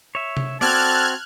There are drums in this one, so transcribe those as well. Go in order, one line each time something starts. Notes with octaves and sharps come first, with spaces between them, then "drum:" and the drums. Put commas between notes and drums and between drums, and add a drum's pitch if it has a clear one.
C#5 E5
drum: tom C3
C4 F#4 A4 D5 A5 F6 F#6 G#6, drum: snare